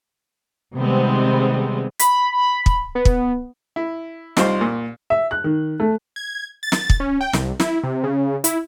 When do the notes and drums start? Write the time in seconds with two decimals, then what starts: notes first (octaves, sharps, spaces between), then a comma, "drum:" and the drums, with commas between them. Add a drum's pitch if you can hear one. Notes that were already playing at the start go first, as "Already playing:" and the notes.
0.76 C3 D#3 G3 G#3 B3 C4
1.99 B5, drum: hi-hat
2.66 drum: kick
2.95 B3
3.05 drum: kick
3.76 E4
4.37 C2 D#4 F4 C5 C6, drum: snare
4.61 A#2
5.10 E5
5.31 F#6
5.44 D#3
5.80 A3
6.16 G#6
6.63 A6
6.72 drum: snare
6.90 drum: kick
7.00 C#4
7.21 G5
7.33 C2, drum: snare
7.60 E4, drum: snare
7.83 C3
8.04 C#3
8.44 E4, drum: hi-hat